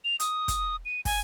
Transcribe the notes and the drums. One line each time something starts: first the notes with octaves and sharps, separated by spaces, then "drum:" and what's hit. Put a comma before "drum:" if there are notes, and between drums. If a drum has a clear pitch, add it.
F7
D#6, drum: hi-hat
drum: kick, hi-hat
D#7
G#5, drum: kick, open hi-hat